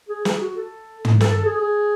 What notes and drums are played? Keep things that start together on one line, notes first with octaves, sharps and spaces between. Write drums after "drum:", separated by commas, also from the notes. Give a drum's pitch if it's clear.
G#4
G#4, drum: snare
F#4
A4
drum: tom
A4, drum: snare
A4
G#4
G#4